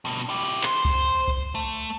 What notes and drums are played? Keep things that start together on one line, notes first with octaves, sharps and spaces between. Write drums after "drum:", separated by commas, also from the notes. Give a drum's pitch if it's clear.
G2 B2
E4 G4
C5 C6, drum: clap
drum: kick C2
drum: kick C2
A3